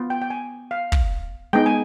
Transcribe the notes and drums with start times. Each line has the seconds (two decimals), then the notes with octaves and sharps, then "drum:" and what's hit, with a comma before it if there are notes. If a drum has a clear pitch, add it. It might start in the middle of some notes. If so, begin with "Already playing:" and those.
Already playing: B3 F4
0.10 G5
0.22 G5
0.30 G#5
0.71 F5
0.92 drum: kick
1.53 G#3 B3 D#4 G5
1.66 G#5